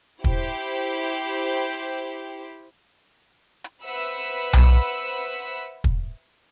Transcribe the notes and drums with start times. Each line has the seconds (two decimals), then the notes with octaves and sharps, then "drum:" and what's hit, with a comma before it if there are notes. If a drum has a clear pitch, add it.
0.24 E4 G4 C5, drum: kick
3.64 drum: hi-hat
3.83 B4 C5 E5 F#5 B5 E6
4.53 drum: tom B1
5.84 drum: kick